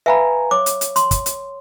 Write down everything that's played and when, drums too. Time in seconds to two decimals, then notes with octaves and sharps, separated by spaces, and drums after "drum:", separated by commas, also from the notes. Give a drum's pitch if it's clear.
0.06 B4 E5 F5 G#5 A#5 B5
0.51 C#5 D6
0.66 drum: hi-hat
0.81 drum: hi-hat
0.96 C6, drum: hi-hat
1.11 drum: kick, hi-hat
1.26 drum: hi-hat